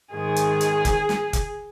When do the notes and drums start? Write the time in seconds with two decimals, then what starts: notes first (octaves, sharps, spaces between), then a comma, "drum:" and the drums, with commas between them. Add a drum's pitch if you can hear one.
0.12 G#2 D#3 G#3 G#4
0.36 drum: hi-hat
0.61 drum: hi-hat
0.85 drum: kick F1, hi-hat
1.09 drum: snare
1.33 drum: kick F1, hi-hat